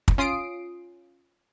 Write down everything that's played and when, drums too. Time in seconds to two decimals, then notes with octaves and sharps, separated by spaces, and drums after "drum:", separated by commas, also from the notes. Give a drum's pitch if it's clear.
0.08 drum: kick
0.18 C#4 F4 D#6 C7 D7